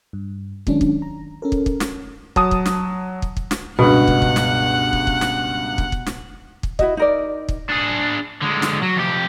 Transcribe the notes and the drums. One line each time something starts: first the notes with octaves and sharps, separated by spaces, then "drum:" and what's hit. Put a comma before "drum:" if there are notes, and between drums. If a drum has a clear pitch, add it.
G2
D#3 F#3 G#3 C#4 D4, drum: kick
drum: kick
A#5
C#4 A4 A#4
drum: kick
drum: kick
drum: snare
F#3 A5 D#6, drum: kick
drum: kick
drum: snare
drum: kick
drum: kick
drum: snare
C#2 G2 B2 F#5
drum: kick
drum: kick
drum: snare
drum: kick
drum: kick
drum: snare
drum: kick
drum: kick
drum: snare
drum: kick
E4 F#4 D#5, drum: kick
D#4 A#4 D5
drum: kick
D4 G#4
D3 G#3
drum: snare
F#3
F2 G4